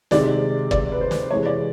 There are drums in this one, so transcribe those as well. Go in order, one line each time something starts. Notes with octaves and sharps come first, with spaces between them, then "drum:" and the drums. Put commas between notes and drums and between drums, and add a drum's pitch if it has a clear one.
C3 D#3 G#3 C4 D5, drum: snare
D5, drum: kick
B4
C5
drum: snare
C3 E3 G#3 C#5
D5